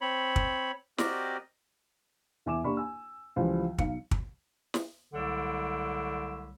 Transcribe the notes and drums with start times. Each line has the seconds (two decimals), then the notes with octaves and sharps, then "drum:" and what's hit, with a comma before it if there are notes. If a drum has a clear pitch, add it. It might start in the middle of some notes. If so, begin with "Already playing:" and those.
0.01 C4 C#5 B5
0.36 drum: kick
0.98 C4 F#4 G4 A#4 D5 D#5, drum: snare
2.46 E2 E5 G#5 D6 E7
2.64 A#3 D4 G4 D5 B5 C#6
2.77 G#5 E6
3.36 C#2 E3 F3 G3
3.78 B1 F5 C#7, drum: kick
4.11 drum: kick
4.74 drum: snare
5.14 C2 D3 F#3 A3 D5 E6